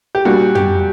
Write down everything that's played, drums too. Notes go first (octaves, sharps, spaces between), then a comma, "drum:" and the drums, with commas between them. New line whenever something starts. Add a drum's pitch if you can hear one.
G4
A#2 G3 D4 F#4
G4, drum: tom